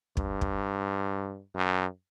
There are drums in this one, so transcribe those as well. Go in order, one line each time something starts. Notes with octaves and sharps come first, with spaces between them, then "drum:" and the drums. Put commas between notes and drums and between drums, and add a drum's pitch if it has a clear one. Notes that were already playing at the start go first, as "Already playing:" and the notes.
G2, drum: kick
drum: kick
F#2